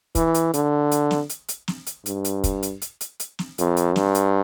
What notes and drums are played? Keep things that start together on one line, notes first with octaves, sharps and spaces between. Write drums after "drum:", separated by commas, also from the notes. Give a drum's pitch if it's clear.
E3, drum: kick, hi-hat
drum: hi-hat
D3, drum: hi-hat
drum: hi-hat
drum: snare
drum: hi-hat
drum: hi-hat
drum: snare
drum: hi-hat
G2, drum: hi-hat
drum: hi-hat
drum: kick, hi-hat
drum: hi-hat
drum: hi-hat
drum: hi-hat
drum: hi-hat
drum: snare
F2, drum: hi-hat
drum: hi-hat
G2, drum: snare
drum: hi-hat